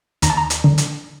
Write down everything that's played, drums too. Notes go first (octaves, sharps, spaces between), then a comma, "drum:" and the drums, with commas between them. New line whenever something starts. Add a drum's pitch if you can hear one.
D#2 A#5, drum: hi-hat
A5
A#5
drum: hi-hat
D3
drum: hi-hat